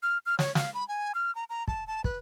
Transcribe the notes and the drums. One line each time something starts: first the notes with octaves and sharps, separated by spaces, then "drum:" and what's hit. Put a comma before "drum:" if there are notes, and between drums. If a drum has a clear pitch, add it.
F6
F6
C#5, drum: snare
F5, drum: snare
B5
G#5
F6
A#5
A#5
A5, drum: kick
A5
B4, drum: kick